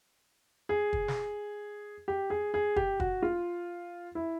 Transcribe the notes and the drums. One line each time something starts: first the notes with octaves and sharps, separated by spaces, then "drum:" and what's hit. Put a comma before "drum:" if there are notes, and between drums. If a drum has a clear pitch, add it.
G#4
drum: kick
drum: snare
G4
G#4
G#4
G4, drum: kick
F#4, drum: kick
F4
E4